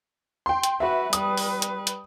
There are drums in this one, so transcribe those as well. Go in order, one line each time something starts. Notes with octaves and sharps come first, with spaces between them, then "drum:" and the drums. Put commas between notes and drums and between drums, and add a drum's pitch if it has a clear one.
G5 C6
drum: hi-hat
F#4 B4 E5
G3 B4 D#6, drum: hi-hat
drum: open hi-hat
drum: hi-hat
drum: hi-hat